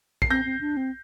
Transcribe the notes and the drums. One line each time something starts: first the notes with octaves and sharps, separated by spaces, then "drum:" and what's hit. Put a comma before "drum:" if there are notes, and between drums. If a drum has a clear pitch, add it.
C7, drum: kick A#1
C4 G6 A#6
C4
D4
C4